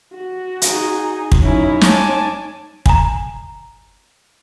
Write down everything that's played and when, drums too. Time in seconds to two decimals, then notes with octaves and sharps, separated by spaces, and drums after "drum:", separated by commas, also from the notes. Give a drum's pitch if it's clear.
0.14 F#4
0.62 D#4 G#4, drum: hi-hat
1.32 drum: kick
1.42 F#2 C#4 D#4 E4 C#5
1.81 G#5 A5 D6, drum: snare
2.86 G#5 A#5, drum: kick